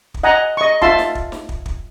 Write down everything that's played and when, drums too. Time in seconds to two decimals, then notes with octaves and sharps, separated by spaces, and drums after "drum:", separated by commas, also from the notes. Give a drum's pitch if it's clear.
0.14 drum: kick
0.23 D#5 F#5 G#5 A#5
0.57 D#5 C#6
0.82 F4 E5 A5 C6, drum: kick
0.98 drum: snare
1.15 drum: kick
1.32 drum: snare
1.49 drum: kick
1.66 drum: kick